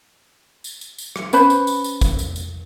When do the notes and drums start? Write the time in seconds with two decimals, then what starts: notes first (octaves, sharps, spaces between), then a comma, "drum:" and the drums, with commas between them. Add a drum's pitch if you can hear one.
0.64 drum: tambourine
0.81 drum: tambourine
0.98 drum: tambourine
1.16 drum: rim click
1.33 C#4 B4 C5 B5, drum: tambourine
1.50 drum: tambourine
1.67 drum: tambourine
1.84 drum: tambourine
2.01 drum: kick, tambourine
2.19 drum: tambourine
2.36 drum: tambourine